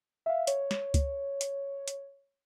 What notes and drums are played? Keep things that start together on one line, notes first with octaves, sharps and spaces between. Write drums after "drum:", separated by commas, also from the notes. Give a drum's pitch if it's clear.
E5 F5
C#5, drum: hi-hat
drum: snare
drum: kick C#2, hi-hat
drum: hi-hat
drum: hi-hat